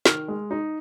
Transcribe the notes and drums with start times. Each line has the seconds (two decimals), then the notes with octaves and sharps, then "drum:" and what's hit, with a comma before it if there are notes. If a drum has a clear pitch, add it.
0.05 D#3 F6, drum: snare
0.28 G#3
0.51 D#4